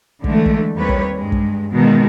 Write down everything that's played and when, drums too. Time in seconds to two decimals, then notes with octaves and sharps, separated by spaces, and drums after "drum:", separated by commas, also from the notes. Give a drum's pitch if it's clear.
0.24 D3 E3 G#3 A3, drum: kick
0.45 drum: kick
0.77 D#2 G3 C4 B4 C#5
0.89 drum: kick
1.17 G2 G#3
1.32 drum: kick
1.71 B2 D#3 G#3